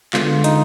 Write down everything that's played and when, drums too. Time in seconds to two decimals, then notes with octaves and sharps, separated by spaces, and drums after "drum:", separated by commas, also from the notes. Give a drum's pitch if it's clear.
0.13 D3 G#3 B3 F4, drum: clap
0.44 D#4, drum: hi-hat